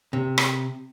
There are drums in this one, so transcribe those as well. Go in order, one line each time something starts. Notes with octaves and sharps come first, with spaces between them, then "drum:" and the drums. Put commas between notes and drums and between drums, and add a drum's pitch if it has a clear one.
C3
drum: rim click